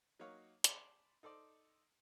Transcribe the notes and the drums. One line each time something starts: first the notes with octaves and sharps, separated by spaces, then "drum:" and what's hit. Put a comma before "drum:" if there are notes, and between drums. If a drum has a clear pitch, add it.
F#3 A#3 D#4 F#4 C#5 F5
C5 D5 G#5 A5 B5, drum: hi-hat
D#4 A4 C5 D5